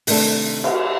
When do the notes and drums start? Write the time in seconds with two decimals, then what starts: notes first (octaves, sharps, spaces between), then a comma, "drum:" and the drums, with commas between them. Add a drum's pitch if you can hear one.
0.07 C3 D#3 A3 D4 A4, drum: open hi-hat
0.64 drum: cymbal